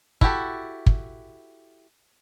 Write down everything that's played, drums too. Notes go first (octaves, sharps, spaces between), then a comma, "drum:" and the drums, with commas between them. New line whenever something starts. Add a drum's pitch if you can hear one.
E4 F#4 G4 A4, drum: kick
drum: kick